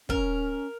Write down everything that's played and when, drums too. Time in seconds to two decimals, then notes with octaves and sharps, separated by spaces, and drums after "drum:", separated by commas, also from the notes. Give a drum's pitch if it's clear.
0.09 C#4 A#4, drum: kick